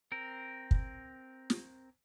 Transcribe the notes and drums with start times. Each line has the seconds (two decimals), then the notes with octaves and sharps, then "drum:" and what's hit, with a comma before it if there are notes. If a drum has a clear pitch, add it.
0.12 C4 A#4
0.71 drum: kick
1.50 drum: snare